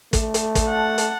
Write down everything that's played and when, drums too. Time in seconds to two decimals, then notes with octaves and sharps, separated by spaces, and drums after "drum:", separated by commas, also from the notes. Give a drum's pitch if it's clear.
0.13 A3, drum: kick, hi-hat
0.34 drum: hi-hat
0.55 drum: kick, hi-hat
0.70 F#5 A5
0.98 drum: hi-hat